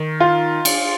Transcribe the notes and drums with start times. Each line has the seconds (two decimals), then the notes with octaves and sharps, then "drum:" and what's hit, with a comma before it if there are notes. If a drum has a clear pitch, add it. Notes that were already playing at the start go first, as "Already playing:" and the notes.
Already playing: D#3
0.20 F4
0.65 drum: cymbal